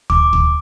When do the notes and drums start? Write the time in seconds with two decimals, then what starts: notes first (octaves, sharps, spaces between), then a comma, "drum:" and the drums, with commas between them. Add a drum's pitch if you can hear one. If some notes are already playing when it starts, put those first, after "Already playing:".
0.10 D6, drum: kick
0.33 drum: kick